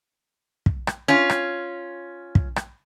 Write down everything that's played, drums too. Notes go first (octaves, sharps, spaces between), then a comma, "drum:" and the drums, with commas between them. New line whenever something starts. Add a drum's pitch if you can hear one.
drum: kick
drum: rim click
C#4 F4
drum: rim click
drum: kick
drum: rim click